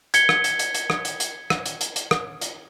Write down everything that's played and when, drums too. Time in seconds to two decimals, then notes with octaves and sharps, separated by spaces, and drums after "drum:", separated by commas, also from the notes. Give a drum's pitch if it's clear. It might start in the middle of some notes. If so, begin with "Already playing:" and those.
0.14 G#6 B6 C#7 G7, drum: hi-hat
0.29 drum: rim click
0.44 drum: hi-hat
0.59 drum: hi-hat
0.75 drum: hi-hat
0.90 drum: rim click
1.05 drum: hi-hat
1.20 drum: hi-hat
1.50 drum: rim click
1.66 drum: hi-hat
1.81 drum: hi-hat
1.96 drum: hi-hat
2.11 drum: rim click
2.41 drum: hi-hat